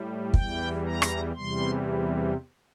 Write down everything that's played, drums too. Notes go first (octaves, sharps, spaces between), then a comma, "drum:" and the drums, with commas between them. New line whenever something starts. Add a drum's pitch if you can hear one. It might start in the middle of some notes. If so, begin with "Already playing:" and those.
Already playing: A2 G3
E2 E3 G3 G5, drum: kick
A#5
drum: rim click
E2 C3 E3 G3 C6